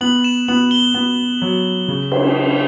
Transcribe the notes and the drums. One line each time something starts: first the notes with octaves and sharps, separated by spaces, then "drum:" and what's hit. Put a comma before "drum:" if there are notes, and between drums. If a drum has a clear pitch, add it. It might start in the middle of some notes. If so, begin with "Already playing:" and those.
B3 F#7
E7
B3 F#7
G7
B3
F#3
C#3
drum: cymbal